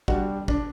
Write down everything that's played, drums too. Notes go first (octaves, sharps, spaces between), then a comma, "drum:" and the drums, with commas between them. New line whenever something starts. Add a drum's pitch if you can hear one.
G3 D4 F#4 G4, drum: kick
D4, drum: kick